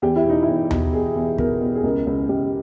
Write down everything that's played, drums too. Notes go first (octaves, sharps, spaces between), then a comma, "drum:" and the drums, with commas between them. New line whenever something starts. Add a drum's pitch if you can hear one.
E2 G4
E4
B2 D#4
E4
E2
B2, drum: tom D#2
E2 G#4
E2
B2 A#4, drum: kick
B2
G#4
C#2 A#4
C#2
C#2 G4